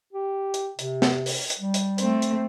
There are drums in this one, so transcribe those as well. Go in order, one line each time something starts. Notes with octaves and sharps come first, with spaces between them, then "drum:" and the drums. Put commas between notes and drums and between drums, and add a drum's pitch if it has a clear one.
G4
drum: hi-hat
C3, drum: hi-hat
drum: snare
drum: open hi-hat
drum: hi-hat
G3
drum: hi-hat
A3 C4, drum: hi-hat
drum: hi-hat